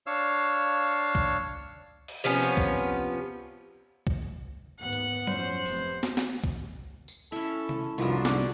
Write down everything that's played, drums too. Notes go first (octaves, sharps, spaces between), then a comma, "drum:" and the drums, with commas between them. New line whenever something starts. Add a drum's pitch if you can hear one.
D4 C#5 F5 E6
drum: kick
drum: cymbal
C3 F3 B3 C#4
drum: kick
drum: kick
D#2 G#2 B3 F#5
drum: hi-hat
F#2 F3 C#4 C5, drum: tom F#3
F1 C3 B3, drum: open hi-hat
drum: snare
drum: snare
drum: kick
drum: tambourine
C#4 E4 A4
drum: tom C3
C2 F2 D#3 F3 F#3 D4 B4
G#2 D3 D5, drum: snare